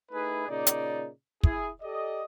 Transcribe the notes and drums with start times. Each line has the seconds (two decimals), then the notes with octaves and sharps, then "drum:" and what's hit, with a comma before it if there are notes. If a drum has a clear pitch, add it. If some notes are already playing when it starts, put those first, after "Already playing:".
0.12 A3 D#4 E4 G#4 B4
0.48 A#2 C#3 D#4 D5
0.67 drum: hi-hat
1.43 E4 G#4, drum: kick
1.82 G4 A4 D5 D#5